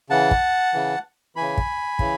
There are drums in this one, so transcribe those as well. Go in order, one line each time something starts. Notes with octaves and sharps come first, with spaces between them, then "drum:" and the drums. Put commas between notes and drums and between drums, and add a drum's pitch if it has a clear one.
C#3 E3 F#5 A5
drum: kick
C#3 E3
C#3 E3 G#5 B5
drum: kick
C#3 E3, drum: kick